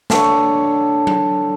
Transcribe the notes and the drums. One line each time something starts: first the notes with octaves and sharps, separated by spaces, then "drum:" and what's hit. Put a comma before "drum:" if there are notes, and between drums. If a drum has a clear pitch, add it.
D3 A4 C#5, drum: snare
drum: tom F#3